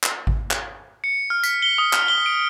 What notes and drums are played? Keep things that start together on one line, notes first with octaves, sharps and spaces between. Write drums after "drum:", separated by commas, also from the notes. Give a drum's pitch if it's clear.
drum: clap
drum: kick G#1
drum: clap
C#7
F6
B6, drum: tambourine
G7
D#6
F6, drum: clap
G7
D7